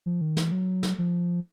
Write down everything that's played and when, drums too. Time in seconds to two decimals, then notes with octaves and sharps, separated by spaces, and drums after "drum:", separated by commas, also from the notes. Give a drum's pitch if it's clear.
0.06 F3
0.21 D#3
0.37 E3, drum: snare
0.52 F#3
0.83 drum: snare
0.98 F3